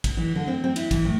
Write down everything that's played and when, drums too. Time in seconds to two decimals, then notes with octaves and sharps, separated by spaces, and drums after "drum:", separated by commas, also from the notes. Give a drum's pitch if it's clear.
0.04 drum: kick, cymbal
0.17 E3
0.35 D3
0.48 C4
0.64 C4
0.76 E4, drum: cymbal
0.91 E3, drum: kick, cymbal
1.05 A2